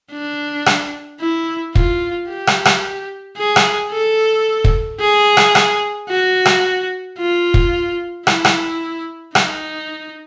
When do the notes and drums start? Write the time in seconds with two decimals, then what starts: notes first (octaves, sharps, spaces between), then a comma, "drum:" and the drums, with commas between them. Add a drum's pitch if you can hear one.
0.12 D4
0.66 drum: rim click
1.21 E4
1.75 F4, drum: kick
2.30 G4
2.47 drum: rim click
2.65 drum: rim click
3.38 G#4
3.56 drum: rim click
3.92 A4
4.64 drum: kick
5.00 G#4
5.37 drum: rim click
5.55 drum: rim click
6.09 F#4
6.45 drum: rim click
7.18 F4
7.54 drum: kick
8.27 E4, drum: rim click
8.45 drum: rim click
9.35 D#4, drum: rim click